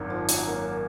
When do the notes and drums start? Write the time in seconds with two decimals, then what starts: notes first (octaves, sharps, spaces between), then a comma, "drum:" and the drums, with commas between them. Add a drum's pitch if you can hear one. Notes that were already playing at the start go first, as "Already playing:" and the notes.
Already playing: G#1 F#2 D#3
0.10 F3
0.29 F#3, drum: hi-hat
0.47 A#3